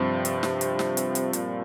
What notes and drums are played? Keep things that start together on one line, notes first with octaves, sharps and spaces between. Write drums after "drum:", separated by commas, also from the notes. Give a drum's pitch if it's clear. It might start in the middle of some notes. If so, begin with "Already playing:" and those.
Already playing: G2 C3 F3 C4 F4
drum: hi-hat
drum: snare
drum: hi-hat
drum: snare
drum: hi-hat
drum: hi-hat
A#2, drum: hi-hat